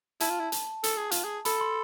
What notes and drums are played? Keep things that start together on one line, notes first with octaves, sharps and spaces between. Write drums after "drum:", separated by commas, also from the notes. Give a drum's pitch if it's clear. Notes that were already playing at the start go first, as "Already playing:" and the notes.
E4 A5, drum: hi-hat
F4
E4
drum: hi-hat
A4, drum: hi-hat
G#4
F4, drum: hi-hat
G#4
A4 B5, drum: hi-hat
C6